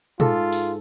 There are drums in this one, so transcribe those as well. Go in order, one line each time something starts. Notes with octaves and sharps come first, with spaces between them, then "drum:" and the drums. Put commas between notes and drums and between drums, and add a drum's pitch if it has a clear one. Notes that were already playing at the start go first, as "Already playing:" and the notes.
G#2 F4 A4, drum: tom A#2
drum: open hi-hat